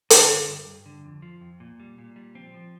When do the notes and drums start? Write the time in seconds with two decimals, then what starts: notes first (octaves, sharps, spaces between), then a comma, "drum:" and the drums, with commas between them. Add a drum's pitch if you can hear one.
0.10 D3, drum: hi-hat
0.30 G2
0.48 G2
0.67 G2
0.86 D3
1.05 F2
1.22 F3
1.41 F2
1.60 A#2
1.80 G3
1.98 A#2
2.16 G3
2.35 F3 C4
2.54 F3